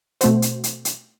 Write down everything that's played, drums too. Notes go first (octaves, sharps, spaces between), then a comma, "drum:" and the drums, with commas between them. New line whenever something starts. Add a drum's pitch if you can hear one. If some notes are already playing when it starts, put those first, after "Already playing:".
B2 A3 C4 F#4 C5, drum: hi-hat
drum: hi-hat
drum: hi-hat
drum: hi-hat